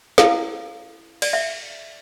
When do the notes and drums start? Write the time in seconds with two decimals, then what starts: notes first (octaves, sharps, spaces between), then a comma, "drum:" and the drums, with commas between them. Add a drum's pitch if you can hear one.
0.18 C#4 E4 A4 F5, drum: snare
1.22 D5, drum: cymbal
1.33 E5